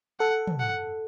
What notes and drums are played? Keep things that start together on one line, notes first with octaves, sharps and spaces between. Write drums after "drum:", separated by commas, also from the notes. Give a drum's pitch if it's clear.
A4 F#5
drum: tom
F#5